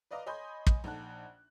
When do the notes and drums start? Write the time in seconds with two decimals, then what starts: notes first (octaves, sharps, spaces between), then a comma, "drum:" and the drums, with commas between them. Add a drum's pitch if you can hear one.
0.11 B4 D5 D#5 F5 A#5 D6
0.26 C#5 D#5 G#5 B5 C6 G6
0.67 drum: kick
0.84 A#1 D#4 F#5 A5 F#6